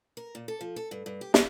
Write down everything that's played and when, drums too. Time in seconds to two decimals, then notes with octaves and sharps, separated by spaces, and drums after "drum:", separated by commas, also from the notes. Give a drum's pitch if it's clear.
0.17 A#4
0.35 A#2
0.48 A4
0.61 F3
0.76 A4
0.91 G2
1.06 G2
1.21 G4
1.34 E5, drum: snare